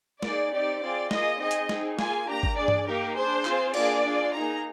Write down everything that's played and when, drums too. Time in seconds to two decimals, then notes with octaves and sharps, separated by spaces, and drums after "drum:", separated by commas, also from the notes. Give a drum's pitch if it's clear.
0.23 A#3 D#4 G#4 D5, drum: snare
0.52 C4 D#4 G4 D5
0.81 C4 F4 G#4 D5
1.11 A#3 F4 G#4 D#5, drum: snare
1.40 C4 D#4 G#4 D#5
1.51 drum: hi-hat
1.69 C4 D#4 G#4, drum: snare
1.99 A#3 F4 G#4 G#5, drum: snare
2.28 A#3 D4 G4 A#5
2.43 drum: kick
2.57 D4 G#4 D5
2.68 drum: tom G2
2.86 A#3 D#4 G4 A#4
3.16 D4 G#4 C5
3.45 C4 F4 G#4, drum: clap
3.74 A#3 D4 F4 G#4 D5, drum: cymbal
4.04 D4 F4 G#4
4.33 A#3 D#4 G#4 A#5